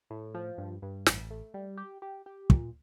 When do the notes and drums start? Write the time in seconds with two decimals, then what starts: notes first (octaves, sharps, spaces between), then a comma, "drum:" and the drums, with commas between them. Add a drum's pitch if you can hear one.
0.10 A2
0.34 F3
0.58 G2
0.82 G2
1.06 A1, drum: snare
1.30 A3
1.54 G3
1.77 G4
2.02 G4
2.26 G4
2.50 A#2, drum: kick